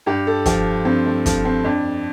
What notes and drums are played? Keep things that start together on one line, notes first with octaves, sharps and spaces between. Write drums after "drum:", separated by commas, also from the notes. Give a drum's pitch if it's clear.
G2 G4
A4
F3 G4, drum: kick, hi-hat
G2 C4
A3
F3 A3, drum: kick, hi-hat
C4
F2 D4